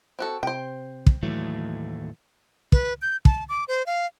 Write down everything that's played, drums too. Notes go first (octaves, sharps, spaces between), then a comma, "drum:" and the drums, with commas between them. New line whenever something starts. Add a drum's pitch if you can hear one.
C4 F#4 A4
C3 C5 G5
drum: kick
D#2 A2 E3 F#3 A3
B4, drum: kick
G6
A5, drum: kick
D6
C5
F5